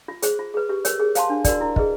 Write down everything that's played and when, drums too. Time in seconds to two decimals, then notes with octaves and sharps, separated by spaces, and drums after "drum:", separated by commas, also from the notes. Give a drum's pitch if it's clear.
0.08 F4
0.22 G#4 C5, drum: hi-hat
0.39 F4
0.54 G#4 B4
0.69 G4
0.85 A#4 C#5, drum: hi-hat
1.00 G#4
1.15 C5 F5 A5 C6, drum: hi-hat
1.30 D4
1.44 F#4 A#4 D5, drum: kick, hi-hat
1.61 E4
1.76 G#4 B4 D#5, drum: kick